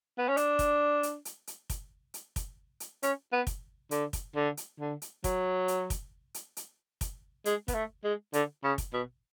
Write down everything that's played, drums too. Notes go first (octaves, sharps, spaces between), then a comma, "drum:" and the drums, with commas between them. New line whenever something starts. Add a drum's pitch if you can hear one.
B3
C#4
D4, drum: hi-hat
drum: kick, hi-hat
drum: hi-hat
drum: hi-hat
drum: hi-hat
drum: kick, hi-hat
drum: hi-hat
drum: kick, hi-hat
drum: hi-hat
C#4, drum: hi-hat
B3
drum: kick, hi-hat
D3, drum: hi-hat
drum: kick, hi-hat
D3
drum: hi-hat
D3
drum: hi-hat
F#3, drum: kick, hi-hat
drum: hi-hat
drum: kick, hi-hat
drum: hi-hat
drum: hi-hat
drum: kick, hi-hat
G#3, drum: hi-hat
B3, drum: kick, hi-hat
A3
G#3
D3, drum: hi-hat
C#3
drum: kick, hi-hat
B2